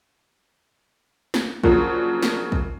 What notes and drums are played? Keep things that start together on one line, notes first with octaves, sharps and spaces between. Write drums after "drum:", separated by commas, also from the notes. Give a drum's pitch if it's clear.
drum: snare
C#3 F3 F#3 A#3 D4 F#4, drum: kick
drum: snare
drum: kick